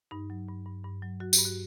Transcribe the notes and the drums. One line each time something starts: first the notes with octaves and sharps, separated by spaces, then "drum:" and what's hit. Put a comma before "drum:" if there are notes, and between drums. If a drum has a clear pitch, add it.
G2 D#4
F#3
G2
G2
G2
F#3
F#3 F#4
G4, drum: tambourine
G2
F#4